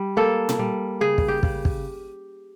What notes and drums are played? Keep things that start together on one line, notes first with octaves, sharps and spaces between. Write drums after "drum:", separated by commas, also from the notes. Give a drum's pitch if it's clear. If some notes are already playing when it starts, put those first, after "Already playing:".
Already playing: G3
A#3 A4
drum: tom A#2
G3
C#3 G#4
drum: kick
G4
C#3, drum: kick
drum: kick